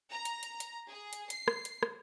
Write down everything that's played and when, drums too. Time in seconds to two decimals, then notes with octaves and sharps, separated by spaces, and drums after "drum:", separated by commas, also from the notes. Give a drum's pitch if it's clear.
0.11 A#5
0.25 drum: hi-hat
0.43 drum: hi-hat
0.60 drum: hi-hat
0.89 G#4
1.13 drum: hi-hat
1.30 C7, drum: hi-hat
1.48 drum: rim click
1.65 drum: hi-hat
1.83 drum: rim click